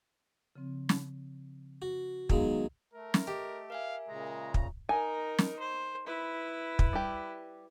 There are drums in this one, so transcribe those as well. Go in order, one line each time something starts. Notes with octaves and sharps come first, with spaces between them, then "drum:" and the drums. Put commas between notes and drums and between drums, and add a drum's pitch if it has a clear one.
C#3 F3 C4
drum: snare
F#4
D#3 F#3 G#3 B3 D#4 F5, drum: kick
A3 A#4
drum: snare
G4 D#5
A#4 E5 F5 G#5
A#2 C#3 G#3 A#5
drum: kick
D#4 A#4 G#5
drum: snare
C5
E4 B4
drum: kick
G3 G4